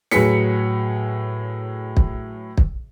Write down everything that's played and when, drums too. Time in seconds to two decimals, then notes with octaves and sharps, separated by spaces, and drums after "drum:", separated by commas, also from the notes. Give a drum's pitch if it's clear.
0.11 A2 F#3 G#4 B4 B6 C#7, drum: snare
1.97 drum: kick
2.58 drum: kick